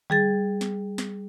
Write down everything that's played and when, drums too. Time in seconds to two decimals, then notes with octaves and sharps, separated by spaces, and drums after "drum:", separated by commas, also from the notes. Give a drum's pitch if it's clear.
0.10 G3 G#4 A6, drum: tom D3
0.61 drum: snare
0.98 drum: snare